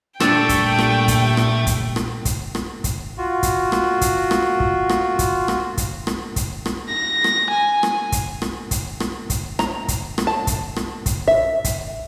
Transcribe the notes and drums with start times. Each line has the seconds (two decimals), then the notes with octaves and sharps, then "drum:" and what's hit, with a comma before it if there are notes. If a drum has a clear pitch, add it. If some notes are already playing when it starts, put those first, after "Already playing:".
0.20 A#2 G3 A3 D4 A4 G5, drum: rim click
0.49 drum: kick, hi-hat
0.79 drum: rim click
1.08 drum: kick, hi-hat
1.37 drum: rim click
1.67 drum: kick, hi-hat
1.96 drum: rim click
2.25 drum: kick, hi-hat
2.55 drum: rim click
2.84 drum: kick, hi-hat
3.18 F4 F#4
3.43 drum: kick, hi-hat
3.72 drum: rim click
4.01 drum: kick, hi-hat
4.31 drum: rim click
4.60 drum: kick
4.89 drum: rim click
5.19 drum: kick, hi-hat
5.48 drum: rim click
5.77 drum: kick, hi-hat
6.07 drum: rim click
6.36 drum: kick, hi-hat
6.66 drum: rim click
6.89 A#6
7.24 drum: rim click
7.50 G#5
7.83 drum: rim click
8.12 drum: kick, hi-hat
8.42 drum: rim click
8.71 drum: kick, hi-hat
9.00 drum: rim click
9.30 drum: kick, hi-hat
9.59 A#5, drum: rim click
9.88 drum: kick, hi-hat
10.18 drum: rim click
10.27 A5
10.47 drum: kick, hi-hat
10.76 drum: rim click
11.06 drum: kick, hi-hat
11.28 E5
11.64 drum: kick, hi-hat